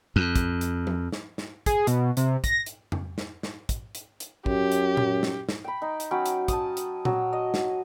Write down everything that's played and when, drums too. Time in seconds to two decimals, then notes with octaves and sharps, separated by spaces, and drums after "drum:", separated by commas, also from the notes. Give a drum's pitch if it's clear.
0.16 F2
0.36 drum: kick, hi-hat
0.61 drum: hi-hat
0.87 drum: tom F3
1.13 drum: snare
1.38 drum: snare
1.66 G#4, drum: kick, hi-hat
1.87 B2, drum: hi-hat
2.17 C3, drum: hi-hat
2.44 A#6, drum: kick, hi-hat
2.66 drum: hi-hat
2.92 drum: tom F2
3.18 drum: snare
3.43 drum: snare
3.69 drum: kick, hi-hat
3.95 drum: hi-hat
4.20 drum: hi-hat
4.46 F#2 G4, drum: kick
4.72 drum: hi-hat
4.97 drum: tom A#2
5.23 drum: snare
5.49 drum: snare
5.64 G5 B5
5.82 D#4
6.00 drum: hi-hat
6.11 F#3 C#4 G5 B5
6.26 drum: hi-hat
6.48 A5 D#6, drum: kick, hi-hat
6.77 drum: hi-hat
7.05 F#3, drum: tom A#2
7.33 D#5
7.54 drum: snare